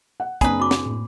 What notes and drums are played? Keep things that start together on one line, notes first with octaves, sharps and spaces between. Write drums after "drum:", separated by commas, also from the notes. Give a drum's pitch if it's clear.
F#5
F#1 C4 D4 G#4 B4 A#5 B5, drum: kick, hi-hat
F#4 D6
drum: snare
A2